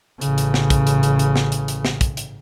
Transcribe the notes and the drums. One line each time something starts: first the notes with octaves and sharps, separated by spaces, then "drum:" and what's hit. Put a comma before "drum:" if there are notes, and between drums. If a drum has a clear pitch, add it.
A1 C#3, drum: hi-hat
drum: hi-hat
drum: snare
drum: kick, hi-hat
drum: hi-hat
drum: hi-hat
drum: hi-hat
drum: snare
drum: hi-hat
drum: hi-hat
drum: snare
drum: kick, hi-hat
drum: hi-hat